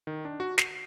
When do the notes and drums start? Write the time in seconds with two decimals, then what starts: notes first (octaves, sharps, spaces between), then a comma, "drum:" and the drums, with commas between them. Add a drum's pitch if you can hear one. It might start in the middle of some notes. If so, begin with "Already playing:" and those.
0.07 D#3
0.25 D4
0.40 F#4
0.58 C7, drum: snare